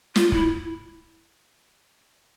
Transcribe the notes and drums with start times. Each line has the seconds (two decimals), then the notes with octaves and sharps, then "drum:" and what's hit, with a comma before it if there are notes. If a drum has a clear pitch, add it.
0.16 F4, drum: snare
0.32 E4, drum: kick